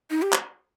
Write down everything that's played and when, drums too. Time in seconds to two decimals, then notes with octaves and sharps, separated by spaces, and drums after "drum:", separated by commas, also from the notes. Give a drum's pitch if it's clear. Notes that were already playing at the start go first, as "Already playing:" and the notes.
0.11 D#4
0.22 G4
0.33 drum: clap